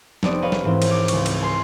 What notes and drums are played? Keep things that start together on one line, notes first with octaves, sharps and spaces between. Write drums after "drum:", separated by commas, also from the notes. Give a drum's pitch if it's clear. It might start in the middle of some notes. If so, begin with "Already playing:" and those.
F1 B3 C4 D5 D#6, drum: snare
A#4 B4 C#5 D#5 F5
drum: snare
G#2 E3 C4
drum: cymbal
D6
C#2 C#6, drum: cymbal
drum: cymbal
G#5 C6